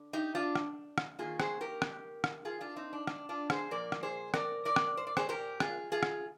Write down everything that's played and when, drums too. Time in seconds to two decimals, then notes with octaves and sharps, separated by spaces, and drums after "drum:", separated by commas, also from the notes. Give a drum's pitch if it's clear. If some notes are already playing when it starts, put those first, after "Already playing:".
Already playing: D3
0.13 D#4 G4
0.35 D4 F4
0.56 drum: rim click
0.98 drum: rim click
1.19 D#3 A#3 F4 G#4
1.40 G#4 C5, drum: rim click
1.61 G4 A#4
1.82 drum: rim click
2.24 drum: rim click
2.45 F4 G#4
2.61 D4 F4
2.76 C4 D#4
2.93 D4
3.07 D4, drum: rim click
3.29 D4 F4
3.50 G#4 C5, drum: rim click
3.71 A#2 F3 A#3 A#4 D5
3.92 drum: rim click
4.03 G#4 C5
4.34 A#4 D5, drum: rim click
4.65 A#4 D5
4.76 drum: rim click
4.97 C5
5.07 D5
5.17 G#4 C5, drum: rim click
5.29 G4 A#4
5.60 F4 G#4, drum: rim click
5.92 F4 G#4
6.03 drum: rim click